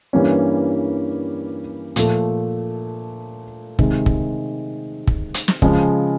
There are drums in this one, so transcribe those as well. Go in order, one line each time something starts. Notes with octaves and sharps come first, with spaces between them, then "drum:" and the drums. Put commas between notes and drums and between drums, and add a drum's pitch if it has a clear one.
G2 E3 G3 A#3 C#4
A#2 F3 A3, drum: hi-hat
C3 D#3 G#3, drum: kick
drum: kick
drum: kick
drum: hi-hat
drum: snare
C#3 F3 G#3, drum: kick